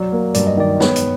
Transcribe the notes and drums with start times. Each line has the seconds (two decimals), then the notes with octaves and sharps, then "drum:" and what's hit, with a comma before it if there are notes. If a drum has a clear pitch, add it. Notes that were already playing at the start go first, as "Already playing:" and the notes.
Already playing: F#3 D5
0.12 A#3
0.34 G2 D5, drum: hi-hat
0.47 D#5
0.57 D#3 D5
0.80 B3 C#5, drum: snare
0.96 drum: hi-hat